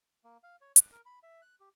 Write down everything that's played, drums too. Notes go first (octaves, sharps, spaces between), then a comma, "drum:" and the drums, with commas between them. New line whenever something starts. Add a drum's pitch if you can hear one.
A#3
F5
C#5
F#6, drum: hi-hat
A#4
B5
E5
F#6
G4